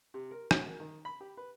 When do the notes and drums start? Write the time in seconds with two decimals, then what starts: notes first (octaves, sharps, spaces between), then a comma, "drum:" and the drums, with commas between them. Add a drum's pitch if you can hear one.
0.14 C3
0.31 A#4
0.51 F#4, drum: rim click
0.67 A#4
0.80 D#3
1.05 B5
1.21 G4
1.37 B4